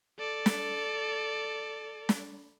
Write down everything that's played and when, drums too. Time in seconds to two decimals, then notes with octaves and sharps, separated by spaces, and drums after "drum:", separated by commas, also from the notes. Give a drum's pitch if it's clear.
0.19 A4 D5
0.46 drum: snare
2.09 drum: snare